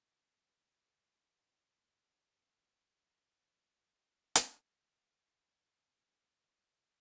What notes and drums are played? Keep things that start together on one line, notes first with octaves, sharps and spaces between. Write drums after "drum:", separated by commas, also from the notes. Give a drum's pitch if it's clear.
C3 F#4
E4 F4 A#4
E2 G2 G3 B3 F5
E6
B4 D5 E5 F5 G5 B5
B2 F#3 F#4
F#2 A#3 B3 G#4 A#4 E5
drum: hi-hat
F2
C3
A2
B3